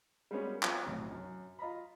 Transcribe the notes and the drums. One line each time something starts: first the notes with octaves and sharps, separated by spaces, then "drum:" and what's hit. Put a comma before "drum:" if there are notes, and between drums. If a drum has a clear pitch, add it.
G3 G#3 A#3 B3 C#4 F#4
F3, drum: clap
F#1 B1 A2 C3
F#2
F4 D#5 A#5 B5